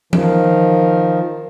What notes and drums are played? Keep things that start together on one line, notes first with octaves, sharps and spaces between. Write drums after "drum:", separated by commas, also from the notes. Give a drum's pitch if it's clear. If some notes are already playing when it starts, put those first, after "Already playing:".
D#3 F3, drum: tom E3